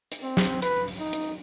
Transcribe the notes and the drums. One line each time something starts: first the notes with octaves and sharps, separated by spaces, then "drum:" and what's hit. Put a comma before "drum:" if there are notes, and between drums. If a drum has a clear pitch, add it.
drum: hi-hat
C4
drum: snare
B4, drum: hi-hat
drum: open hi-hat
D#4
drum: hi-hat